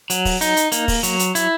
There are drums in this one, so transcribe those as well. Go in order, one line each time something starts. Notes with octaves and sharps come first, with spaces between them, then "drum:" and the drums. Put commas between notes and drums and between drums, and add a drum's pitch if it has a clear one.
F#3, drum: hi-hat
drum: kick, open hi-hat
D#4, drum: hi-hat
drum: hi-hat
A#3, drum: hi-hat
drum: kick, open hi-hat
F#3, drum: hi-hat
drum: hi-hat
E4, drum: hi-hat